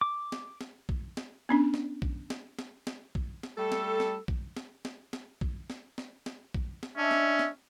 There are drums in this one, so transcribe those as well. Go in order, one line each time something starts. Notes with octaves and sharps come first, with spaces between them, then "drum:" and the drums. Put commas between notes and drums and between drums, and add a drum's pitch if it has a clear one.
D6
drum: snare
drum: snare
drum: kick B1
drum: snare
B3 C#4 D4
drum: snare
drum: kick B1
drum: snare
drum: snare
drum: snare
drum: kick B1
drum: snare
G3 A3 A4
drum: snare
drum: snare
drum: kick B1
drum: snare
drum: snare
drum: snare
drum: kick B1
drum: snare
drum: snare
drum: snare
drum: kick B1
drum: snare
C#4 D4 D#5 E5
drum: snare
drum: snare